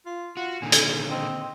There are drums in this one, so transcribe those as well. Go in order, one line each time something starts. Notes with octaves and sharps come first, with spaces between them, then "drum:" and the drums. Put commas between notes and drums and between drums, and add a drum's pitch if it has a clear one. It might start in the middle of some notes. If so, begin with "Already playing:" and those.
F4
F4 F#4
A#2 D3 D#3 G#5
drum: hi-hat
G#4
C4 D#5